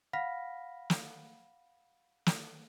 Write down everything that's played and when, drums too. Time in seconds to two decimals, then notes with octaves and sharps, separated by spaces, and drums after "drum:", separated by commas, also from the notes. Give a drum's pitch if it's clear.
0.13 F5 F#5 B5 F6 A#6 B6
0.90 drum: snare
2.26 drum: snare